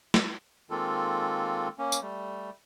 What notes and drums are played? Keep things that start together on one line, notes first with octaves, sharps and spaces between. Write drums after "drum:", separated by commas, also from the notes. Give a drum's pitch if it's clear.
drum: snare
D#3 G#3 A#3 C4 F4 A4
A#3 C#4
drum: tambourine
G3 A3